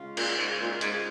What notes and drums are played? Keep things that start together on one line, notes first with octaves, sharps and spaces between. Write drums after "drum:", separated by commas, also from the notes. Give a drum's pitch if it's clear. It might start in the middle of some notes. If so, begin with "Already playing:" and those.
Already playing: C#3 G#3 F4
A#2, drum: cymbal
G#2
A#2
G#2, drum: hi-hat